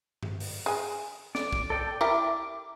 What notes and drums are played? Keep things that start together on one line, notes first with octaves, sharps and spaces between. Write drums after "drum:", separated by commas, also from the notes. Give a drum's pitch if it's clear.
drum: tom G2
drum: open hi-hat
G#4 G#5
D5, drum: snare
drum: kick
A4 D5 G5
E4 G4 A#4 D6